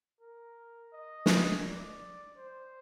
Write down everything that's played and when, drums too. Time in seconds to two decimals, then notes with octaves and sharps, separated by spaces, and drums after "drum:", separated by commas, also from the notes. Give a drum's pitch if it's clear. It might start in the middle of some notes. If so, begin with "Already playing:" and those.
0.21 A#4
0.93 D#5
1.26 drum: snare
1.65 D5
2.37 C5